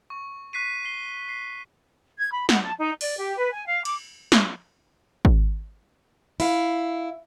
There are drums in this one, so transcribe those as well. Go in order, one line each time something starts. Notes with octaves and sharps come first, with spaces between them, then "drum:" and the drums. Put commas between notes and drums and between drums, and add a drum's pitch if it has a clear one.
C#6
C#6 F#6 B6 C7 D#7
C7 G7
C7
G#6
B5
F#5, drum: snare
A5
D#4
D5, drum: open hi-hat
G4
B4
G#5
F5
D6, drum: cymbal
drum: snare
drum: kick G#1
E4 F5, drum: open hi-hat